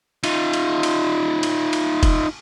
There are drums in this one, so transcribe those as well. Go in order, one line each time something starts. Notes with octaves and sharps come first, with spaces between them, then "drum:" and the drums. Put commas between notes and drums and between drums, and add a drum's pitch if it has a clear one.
D#4 F4, drum: cymbal
drum: cymbal
drum: cymbal
drum: cymbal
drum: cymbal
drum: kick, cymbal